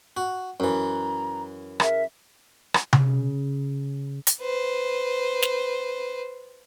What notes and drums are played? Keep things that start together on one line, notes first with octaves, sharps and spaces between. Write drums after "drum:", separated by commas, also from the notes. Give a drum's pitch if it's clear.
F#4
F#2 E3 A#5
G#4 A#4 E5, drum: rim click
drum: rim click
C#3, drum: tom C3
drum: hi-hat
B4 C5
drum: snare